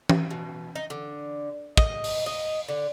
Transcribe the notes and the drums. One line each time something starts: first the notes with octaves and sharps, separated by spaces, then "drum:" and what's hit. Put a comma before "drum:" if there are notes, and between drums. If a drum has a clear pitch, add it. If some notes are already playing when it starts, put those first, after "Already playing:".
drum: tom E3
B2
D#4
D3
D#5, drum: kick
drum: open hi-hat
D#5
D3